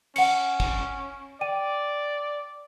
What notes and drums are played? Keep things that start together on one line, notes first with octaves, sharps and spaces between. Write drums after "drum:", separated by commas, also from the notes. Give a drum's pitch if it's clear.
C#4 F#5 C#7, drum: cymbal
drum: kick
D5 G5 D#7